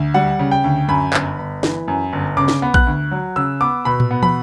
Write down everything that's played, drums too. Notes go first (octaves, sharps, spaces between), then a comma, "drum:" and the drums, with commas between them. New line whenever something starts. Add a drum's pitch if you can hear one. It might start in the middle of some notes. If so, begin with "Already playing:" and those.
Already playing: D2
G3 F#5
C#3
G5
D2
F#2 B5
G1, drum: clap
G1
E3, drum: snare
F#2
G1
C#3 D6
drum: snare
B3
F#6, drum: kick A#1
D2
F#3
C#3 E6
B3 D6
B2 B5
drum: tom
B3
B5, drum: tom